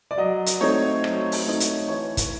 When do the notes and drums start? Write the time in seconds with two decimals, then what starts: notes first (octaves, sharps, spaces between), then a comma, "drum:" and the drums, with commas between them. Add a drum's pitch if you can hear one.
0.11 D5
0.17 F#3 D#5
0.46 drum: hi-hat
0.61 A3 C4 D#4 C#5
1.04 F#3, drum: rim click
1.32 drum: open hi-hat
1.46 A3 C4 D#4
1.60 drum: hi-hat
1.88 E3 C#5
2.17 drum: kick, hi-hat